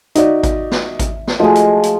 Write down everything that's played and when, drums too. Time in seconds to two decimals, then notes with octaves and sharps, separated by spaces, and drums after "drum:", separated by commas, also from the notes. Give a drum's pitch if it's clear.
0.15 D#4 F#4 D5 E5, drum: hi-hat
0.43 drum: kick G#1, hi-hat
0.71 drum: snare
0.99 drum: kick G#1, hi-hat
1.27 drum: snare
1.39 F3 G#3 A3 F#4 D#5
1.55 drum: hi-hat
1.83 drum: hi-hat